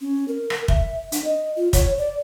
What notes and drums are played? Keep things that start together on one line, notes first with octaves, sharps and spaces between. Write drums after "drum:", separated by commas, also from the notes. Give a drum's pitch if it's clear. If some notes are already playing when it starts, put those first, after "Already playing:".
C#4
A#4
A#4, drum: rim click
E5, drum: kick
D4, drum: hi-hat
D#5
F4
C#5, drum: kick, hi-hat
D5